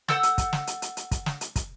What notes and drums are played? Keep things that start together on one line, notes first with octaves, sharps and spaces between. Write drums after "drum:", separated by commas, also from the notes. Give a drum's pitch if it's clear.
A4 F#5 E6 G6, drum: snare
drum: hi-hat
drum: kick, hi-hat
drum: snare
drum: hi-hat
drum: hi-hat
drum: hi-hat
drum: kick, hi-hat
drum: snare
drum: hi-hat
drum: kick, hi-hat